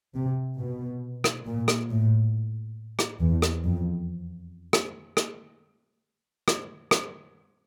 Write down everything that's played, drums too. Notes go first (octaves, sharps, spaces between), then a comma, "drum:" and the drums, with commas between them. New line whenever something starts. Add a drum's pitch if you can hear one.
C3
B2
drum: rim click
A#2
drum: rim click
A2
drum: rim click
E2
drum: rim click
F2
drum: rim click
drum: rim click
drum: rim click
drum: rim click